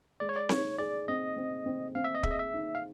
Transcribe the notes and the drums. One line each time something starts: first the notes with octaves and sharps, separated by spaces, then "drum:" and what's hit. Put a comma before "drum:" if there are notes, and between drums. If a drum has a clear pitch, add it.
G#3 D5
C#5
D5
D#4 C#5, drum: snare C4
G#4 D5
C4 D#5
C4
C4
C4 F5
E5
D#5
G#4 E5, drum: kick
D#5
E5
D#4
F5